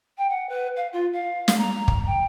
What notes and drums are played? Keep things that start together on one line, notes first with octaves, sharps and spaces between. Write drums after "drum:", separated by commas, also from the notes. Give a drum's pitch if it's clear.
G5
F#5
B4
F5
F4
F5
drum: snare
A#5
drum: kick
G5